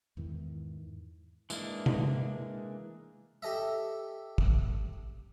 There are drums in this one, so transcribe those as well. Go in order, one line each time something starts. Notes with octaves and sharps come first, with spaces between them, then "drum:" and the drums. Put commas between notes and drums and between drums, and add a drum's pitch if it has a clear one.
E2 G#2 D#3 E3
E3 G#3 A#3 D4, drum: tambourine
drum: tom C3
G4 A4 D#5 E5
drum: kick